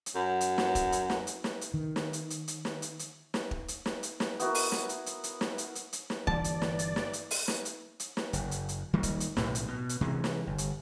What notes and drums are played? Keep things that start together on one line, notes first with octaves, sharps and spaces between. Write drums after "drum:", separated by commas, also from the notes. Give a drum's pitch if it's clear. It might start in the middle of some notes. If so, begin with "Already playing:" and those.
drum: hi-hat
F#2
drum: hi-hat
drum: snare
drum: kick, hi-hat
drum: hi-hat
drum: snare
drum: hi-hat
drum: snare
drum: hi-hat
D#3
drum: snare
drum: hi-hat
drum: hi-hat
drum: hi-hat
drum: snare
drum: hi-hat
drum: hi-hat
drum: snare
drum: kick
drum: hi-hat
drum: snare
drum: hi-hat
drum: snare
B3 E4 F#4 A#4, drum: hi-hat
drum: open hi-hat
drum: snare
drum: hi-hat
drum: hi-hat
drum: hi-hat
drum: snare
drum: hi-hat
drum: hi-hat
drum: hi-hat
drum: snare
G1 G2 E3 A#3 D5 A5, drum: kick
drum: hi-hat
drum: snare
drum: hi-hat
drum: snare
drum: hi-hat
drum: open hi-hat
drum: snare
drum: hi-hat
drum: hi-hat
drum: snare
F#1, drum: hi-hat
drum: hi-hat
drum: hi-hat
D#3 G3 A#3
drum: kick, hi-hat
drum: hi-hat
B1 A2 C3, drum: snare
drum: hi-hat
B2
drum: hi-hat
C3 E3 G#3
drum: snare
G1
drum: hi-hat